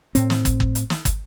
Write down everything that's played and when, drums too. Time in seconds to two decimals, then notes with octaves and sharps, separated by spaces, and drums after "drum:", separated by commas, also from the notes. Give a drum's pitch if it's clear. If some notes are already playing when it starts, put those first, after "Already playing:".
0.15 A2 C4, drum: hi-hat
0.30 drum: snare
0.45 drum: kick, hi-hat
0.60 drum: kick
0.75 drum: hi-hat
0.90 drum: snare
1.05 drum: kick, hi-hat